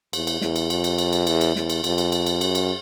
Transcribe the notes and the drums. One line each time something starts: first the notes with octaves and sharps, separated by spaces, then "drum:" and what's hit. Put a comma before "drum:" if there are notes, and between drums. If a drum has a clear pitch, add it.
E2, drum: cymbal
drum: cymbal
E2, drum: snare
drum: cymbal
F2, drum: cymbal
drum: cymbal
drum: cymbal
drum: cymbal
E2, drum: cymbal
drum: cymbal
E2, drum: snare
drum: cymbal
F2, drum: cymbal
drum: cymbal
drum: cymbal
drum: cymbal
F#2, drum: cymbal
drum: cymbal